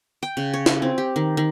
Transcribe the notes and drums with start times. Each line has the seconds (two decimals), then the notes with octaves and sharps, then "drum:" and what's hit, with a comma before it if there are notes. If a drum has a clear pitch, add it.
0.23 G5
0.37 C#3
0.54 C#5
0.66 G#5, drum: snare
0.82 C4
0.98 G4
1.16 D#3
1.37 D#3